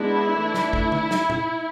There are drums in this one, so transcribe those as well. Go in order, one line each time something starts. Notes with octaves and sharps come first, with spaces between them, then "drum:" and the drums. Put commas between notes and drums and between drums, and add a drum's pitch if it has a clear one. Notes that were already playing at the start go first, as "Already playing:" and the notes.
Already playing: G#3 B3 D4 E4
E3 A3 D4
drum: snare
drum: kick
drum: tom D3
drum: snare
drum: tom